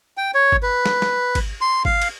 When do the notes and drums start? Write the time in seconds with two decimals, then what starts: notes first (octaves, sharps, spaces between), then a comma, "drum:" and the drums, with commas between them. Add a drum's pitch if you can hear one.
0.17 G5
0.34 C#5
0.52 drum: kick G#1
0.63 B4
0.86 drum: snare
1.02 drum: snare
1.35 drum: kick G#1, cymbal
1.61 C6
1.85 F5, drum: kick G#1
2.02 drum: cymbal